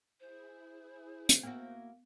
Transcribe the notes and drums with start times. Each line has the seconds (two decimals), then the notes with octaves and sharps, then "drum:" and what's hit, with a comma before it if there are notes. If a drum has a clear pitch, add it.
0.20 E4 G#4 C5
1.29 drum: hi-hat
1.43 A#3 B3 E4 F#4